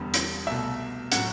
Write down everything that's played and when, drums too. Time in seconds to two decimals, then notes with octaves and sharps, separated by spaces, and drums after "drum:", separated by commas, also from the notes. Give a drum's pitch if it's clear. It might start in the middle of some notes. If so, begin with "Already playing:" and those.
Already playing: E1 E2 D3 G3
0.14 drum: hi-hat
0.47 C2 B2 A3 E5
1.12 A2 F#3 F#5, drum: hi-hat